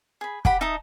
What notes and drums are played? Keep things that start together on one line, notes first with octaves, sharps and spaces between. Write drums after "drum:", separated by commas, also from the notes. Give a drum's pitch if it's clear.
G#4 B5
G4 F#5 B5, drum: kick
D#4 E5 A5 D#6